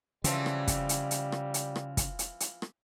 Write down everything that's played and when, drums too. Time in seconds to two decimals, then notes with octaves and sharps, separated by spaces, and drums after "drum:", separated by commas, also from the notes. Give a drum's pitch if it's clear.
0.24 C#3 E3 F3 G3 C4, drum: hi-hat
0.46 drum: rim click
0.68 drum: kick, hi-hat
0.89 drum: hi-hat
1.11 drum: hi-hat
1.32 drum: rim click
1.54 drum: hi-hat
1.76 drum: rim click
1.97 drum: kick, hi-hat
2.19 drum: hi-hat
2.40 drum: hi-hat
2.62 drum: rim click